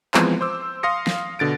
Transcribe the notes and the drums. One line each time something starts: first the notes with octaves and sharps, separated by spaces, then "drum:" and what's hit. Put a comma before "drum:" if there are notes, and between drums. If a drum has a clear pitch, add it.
E3 F3 G#3 B3 C4 C5, drum: clap
C5 D6 E6
F5 C6 D#6 A#6 C#7
drum: snare
B2 D3 A6 D7